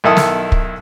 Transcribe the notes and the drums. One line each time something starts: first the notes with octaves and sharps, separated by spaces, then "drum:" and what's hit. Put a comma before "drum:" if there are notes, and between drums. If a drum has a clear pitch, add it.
B1 D#3 E4 A4 D#6
drum: snare
drum: kick